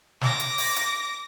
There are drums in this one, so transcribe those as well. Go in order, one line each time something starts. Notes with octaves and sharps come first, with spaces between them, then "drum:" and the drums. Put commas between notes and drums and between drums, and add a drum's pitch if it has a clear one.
D6 A#6, drum: snare
drum: hi-hat
drum: open hi-hat
drum: hi-hat